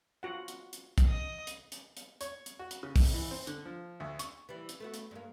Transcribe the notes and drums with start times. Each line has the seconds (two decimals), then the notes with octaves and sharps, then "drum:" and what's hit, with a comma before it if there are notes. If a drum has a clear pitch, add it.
0.23 F4 F#4 F#5
0.48 drum: hi-hat
0.73 drum: hi-hat
0.98 drum: kick, hi-hat
1.08 D#5 D#6
1.47 drum: hi-hat
1.72 drum: hi-hat
1.97 drum: hi-hat
2.21 C#5, drum: hi-hat
2.46 drum: hi-hat
2.59 F#4
2.71 drum: hi-hat
2.83 C#3
2.96 drum: kick, open hi-hat
3.14 E3
3.31 C4
3.47 D3, drum: hi-hat
3.65 F3
4.00 D2
4.19 C#6, drum: hi-hat
4.49 E3 G3
4.69 drum: hi-hat
4.80 A3 B3 F#4
4.94 drum: hi-hat
5.11 G2 A#3